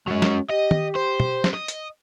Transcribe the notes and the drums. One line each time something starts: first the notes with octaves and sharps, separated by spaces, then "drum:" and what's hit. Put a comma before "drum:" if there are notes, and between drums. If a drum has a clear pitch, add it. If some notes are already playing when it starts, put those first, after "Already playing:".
F#3 G#3 C#4
drum: snare
G4 D#5
drum: tom
C5
drum: tom
drum: snare
D#5
drum: hi-hat